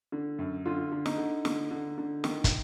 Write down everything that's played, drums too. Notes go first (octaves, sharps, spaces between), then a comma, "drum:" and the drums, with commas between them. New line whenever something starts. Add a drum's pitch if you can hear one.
D3
F#2
D3 F4
D3
D#4, drum: snare
D3
D3, drum: snare
D3
D3
D#3, drum: snare
drum: kick, hi-hat